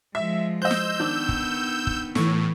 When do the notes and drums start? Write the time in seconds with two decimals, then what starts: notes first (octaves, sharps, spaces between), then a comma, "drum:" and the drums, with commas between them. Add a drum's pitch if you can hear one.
0.15 F3 G#3 E5
0.62 C5 D#5 E6 F#6 G6
0.71 drum: snare
1.00 D#3 B3 D4
1.29 drum: kick
1.87 drum: kick
2.15 A2 E3 C#6, drum: snare